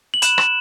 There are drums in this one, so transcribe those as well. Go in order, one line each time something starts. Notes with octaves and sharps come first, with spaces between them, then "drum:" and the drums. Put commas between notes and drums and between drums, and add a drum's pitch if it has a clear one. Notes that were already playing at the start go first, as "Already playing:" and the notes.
F#7
B5 F#6 E7, drum: hi-hat
E7, drum: rim click